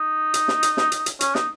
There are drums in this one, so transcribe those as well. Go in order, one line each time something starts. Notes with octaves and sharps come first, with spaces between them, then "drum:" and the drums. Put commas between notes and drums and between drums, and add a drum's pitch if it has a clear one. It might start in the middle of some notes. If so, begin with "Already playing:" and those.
Already playing: D#4
drum: hi-hat
drum: snare
drum: hi-hat
drum: snare
drum: hi-hat
drum: hi-hat
C#4, drum: hi-hat
D#4, drum: snare